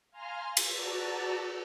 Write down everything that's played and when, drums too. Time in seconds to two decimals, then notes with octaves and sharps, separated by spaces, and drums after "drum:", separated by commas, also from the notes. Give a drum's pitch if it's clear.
0.11 F5 G#5 A#5 C6 F6
0.57 drum: cymbal
0.72 F#4 D5 A5 A#5